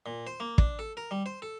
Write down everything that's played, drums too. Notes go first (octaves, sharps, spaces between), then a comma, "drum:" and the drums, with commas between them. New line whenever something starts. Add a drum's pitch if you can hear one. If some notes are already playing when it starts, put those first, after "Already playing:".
A#2
C5
A#3
D4, drum: kick
A4
A#4
G3
C5
A4